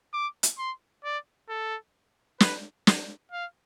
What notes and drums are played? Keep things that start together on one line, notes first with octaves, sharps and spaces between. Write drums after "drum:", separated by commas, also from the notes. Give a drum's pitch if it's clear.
D6
drum: hi-hat
C6
D5
A4
B4, drum: snare
drum: snare
F5